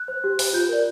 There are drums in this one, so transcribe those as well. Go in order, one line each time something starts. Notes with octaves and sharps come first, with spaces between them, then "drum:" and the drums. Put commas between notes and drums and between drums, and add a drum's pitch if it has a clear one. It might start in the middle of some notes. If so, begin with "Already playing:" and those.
Already playing: F#6
C5
G4
C5, drum: open hi-hat
F4 G6
A#4 D5